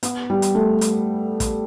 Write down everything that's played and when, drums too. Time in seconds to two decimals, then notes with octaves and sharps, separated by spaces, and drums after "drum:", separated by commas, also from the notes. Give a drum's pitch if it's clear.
0.03 B3, drum: hi-hat
0.30 G3
0.42 drum: hi-hat
0.55 A3
0.81 drum: hi-hat
1.40 drum: kick, hi-hat